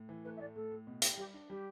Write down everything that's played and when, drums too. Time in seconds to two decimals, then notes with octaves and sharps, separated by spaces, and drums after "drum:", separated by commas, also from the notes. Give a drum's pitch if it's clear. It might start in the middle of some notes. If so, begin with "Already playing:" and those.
Already playing: A2
0.09 E3
0.24 A3 B4
0.36 E5
0.40 A2 D5
0.55 A2 A4
0.71 A2
0.87 B2
1.02 G4, drum: hi-hat
1.17 G3 G4
1.34 D4
1.49 G3 G4